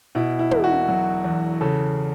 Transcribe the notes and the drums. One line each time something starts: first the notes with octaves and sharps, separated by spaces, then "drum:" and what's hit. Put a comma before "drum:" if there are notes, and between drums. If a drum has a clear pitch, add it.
B2 E4
E4
E1, drum: tom
F#4
F#3
E2
C#3 A4